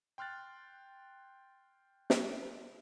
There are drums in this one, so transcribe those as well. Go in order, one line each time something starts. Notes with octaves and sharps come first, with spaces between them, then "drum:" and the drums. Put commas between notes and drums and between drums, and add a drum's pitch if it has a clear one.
G5 C6 F6 F#6 A6
drum: snare